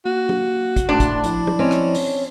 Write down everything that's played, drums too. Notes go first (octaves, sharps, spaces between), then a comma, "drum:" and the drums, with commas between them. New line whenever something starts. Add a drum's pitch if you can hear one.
A#3 F#4
drum: tom
drum: kick, hi-hat
D2 A2 D4 C6 A6
drum: kick, hi-hat
F3 E4 D5, drum: hi-hat
drum: tom
C4 C#4 C#5 D#5
drum: rim click
drum: open hi-hat